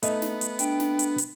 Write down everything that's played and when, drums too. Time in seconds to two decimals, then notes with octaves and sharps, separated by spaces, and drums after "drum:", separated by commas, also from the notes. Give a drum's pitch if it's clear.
0.03 A3 B3 D#4 D#5, drum: hi-hat
0.22 drum: snare
0.41 drum: hi-hat
0.59 D4 G5, drum: hi-hat
0.80 drum: snare
0.99 drum: hi-hat
1.18 drum: hi-hat